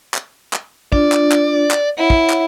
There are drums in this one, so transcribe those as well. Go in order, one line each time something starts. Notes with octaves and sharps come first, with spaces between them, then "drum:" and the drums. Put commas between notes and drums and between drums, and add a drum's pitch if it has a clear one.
drum: clap
drum: clap
D4 F4 D5, drum: kick
drum: clap
drum: clap
drum: clap
E4 C#5 E5 F#5
drum: kick
drum: clap